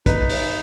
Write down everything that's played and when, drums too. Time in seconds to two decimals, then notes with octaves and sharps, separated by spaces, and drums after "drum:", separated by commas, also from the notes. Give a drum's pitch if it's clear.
0.06 D#4 B4, drum: kick, hi-hat
0.29 drum: open hi-hat